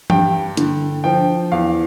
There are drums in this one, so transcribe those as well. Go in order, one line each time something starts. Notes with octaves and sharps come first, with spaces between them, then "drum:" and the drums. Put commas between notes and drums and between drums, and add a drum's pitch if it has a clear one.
G2 G5, drum: tom E3
D3, drum: hi-hat
F3 G5
E2 F5